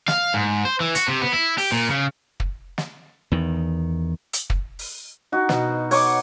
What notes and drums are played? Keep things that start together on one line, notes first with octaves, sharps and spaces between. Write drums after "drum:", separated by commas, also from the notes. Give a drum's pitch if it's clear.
F5, drum: snare
G#2
C5
E3
F#4, drum: hi-hat
C3
B3
E4
G4, drum: open hi-hat
A#2
C#3
drum: kick
drum: snare
E2 D#3
drum: hi-hat
drum: kick
drum: open hi-hat
D#4 F#4
B2, drum: snare
C#5 F#5 C#6 D6, drum: open hi-hat